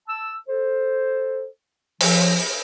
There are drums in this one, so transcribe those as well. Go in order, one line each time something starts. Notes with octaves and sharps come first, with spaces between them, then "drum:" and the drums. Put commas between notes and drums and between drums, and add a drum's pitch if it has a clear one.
A5 E6
A4 C5
F3, drum: open hi-hat